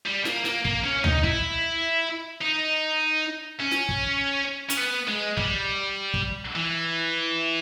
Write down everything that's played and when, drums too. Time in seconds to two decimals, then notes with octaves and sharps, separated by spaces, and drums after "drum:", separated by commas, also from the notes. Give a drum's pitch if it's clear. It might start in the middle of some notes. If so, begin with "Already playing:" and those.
0.06 G3
0.25 A#3, drum: snare
0.45 A#3, drum: snare
0.65 A#3, drum: kick
0.84 C#4
1.04 D#4, drum: tom D2
1.24 E4, drum: kick
2.41 D#4
3.60 C#4
3.71 drum: snare
3.89 drum: kick
4.70 C#4, drum: hi-hat
4.78 B3
5.08 G#3
5.37 G3, drum: kick
6.14 drum: kick
6.56 E3